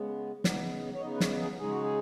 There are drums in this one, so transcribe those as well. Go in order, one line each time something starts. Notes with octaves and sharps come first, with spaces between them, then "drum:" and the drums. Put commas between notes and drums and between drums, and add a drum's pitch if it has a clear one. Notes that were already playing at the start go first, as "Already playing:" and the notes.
Already playing: C#3 G#3 B3
C#3 B3 D#4, drum: snare
C#5
C#3 B3 D#4 D#5
B4
C#5, drum: snare
G#4
C#3 G#3 D#4 G#4
F#4
G#4